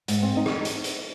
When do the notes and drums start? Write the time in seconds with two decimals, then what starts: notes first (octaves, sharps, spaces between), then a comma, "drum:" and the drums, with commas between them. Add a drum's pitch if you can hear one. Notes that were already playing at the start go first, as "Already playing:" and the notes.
0.08 G#2, drum: hi-hat
0.22 C4
0.37 D#4
0.46 drum: rim click
0.65 drum: hi-hat
0.84 drum: hi-hat